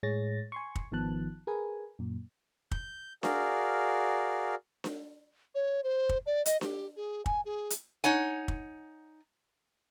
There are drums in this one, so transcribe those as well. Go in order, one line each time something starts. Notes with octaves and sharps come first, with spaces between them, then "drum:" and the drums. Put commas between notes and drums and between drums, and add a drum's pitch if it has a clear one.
A2 G#3 G#4 C#5 A6 A#6
G#5 C6 C#6
drum: kick
G#1 D#3 F3 B3 A5 F#6
G#4 A#4 B4 G#5
F#2 A#2
G6, drum: kick
F#4 G#4 A#4 D5 F5, drum: snare D4
drum: snare D4
C#5
C5
drum: kick
D5
D#5, drum: hi-hat
G4, drum: snare D4
G#4
G#5, drum: kick
G#4
drum: hi-hat
D#4 C#5 F#5 G#5
drum: kick